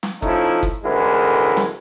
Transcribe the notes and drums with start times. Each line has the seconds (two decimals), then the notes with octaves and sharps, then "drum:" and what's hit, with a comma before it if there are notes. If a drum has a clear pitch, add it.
0.03 drum: snare
0.22 F3 A3 C#4 D#4 E4, drum: kick F#1
0.63 drum: kick F#1
0.84 A1 D2 G#3 E4 A#4
1.57 drum: snare